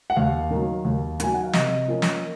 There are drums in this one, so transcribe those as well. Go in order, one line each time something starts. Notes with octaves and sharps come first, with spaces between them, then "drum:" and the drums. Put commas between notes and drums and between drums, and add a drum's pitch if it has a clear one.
F#5
D#2 F5
D#3 F#3
D#2
D#3 F#3 G#5, drum: hi-hat
F#5
F5
C3 D#5, drum: snare
F3 A#3 C#4
drum: snare